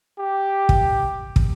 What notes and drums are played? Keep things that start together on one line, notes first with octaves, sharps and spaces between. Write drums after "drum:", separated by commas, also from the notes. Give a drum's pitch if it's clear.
G4
drum: kick
drum: kick